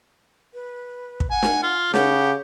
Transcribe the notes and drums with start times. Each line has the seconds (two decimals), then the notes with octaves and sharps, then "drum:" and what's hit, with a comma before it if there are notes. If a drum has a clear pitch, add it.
0.54 B4
1.20 drum: kick
1.30 F#5 G#5
1.43 drum: snare
1.63 F4
1.94 C#3 G4 F#5, drum: snare